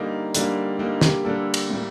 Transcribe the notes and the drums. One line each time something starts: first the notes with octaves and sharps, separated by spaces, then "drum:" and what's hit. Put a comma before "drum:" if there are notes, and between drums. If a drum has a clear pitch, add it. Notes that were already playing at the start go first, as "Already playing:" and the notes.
Already playing: D3 G3 A#3 D#4
D3 G3 A#3, drum: hi-hat
D3 G3 A#3 D#4
G4, drum: snare
D3 G3 A#3 A4
drum: cymbal
A2 G3 A#3